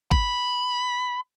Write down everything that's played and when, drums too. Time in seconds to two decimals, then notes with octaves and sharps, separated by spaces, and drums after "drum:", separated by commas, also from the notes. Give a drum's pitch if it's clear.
0.11 B5, drum: kick G#1